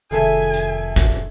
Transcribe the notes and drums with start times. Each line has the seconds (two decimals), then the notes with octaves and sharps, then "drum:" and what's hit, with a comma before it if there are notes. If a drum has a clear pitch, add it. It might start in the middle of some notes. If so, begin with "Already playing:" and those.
0.11 F1 D#2 G#4 A4 E5 G#5 G#6
0.54 drum: hi-hat
0.96 drum: kick, hi-hat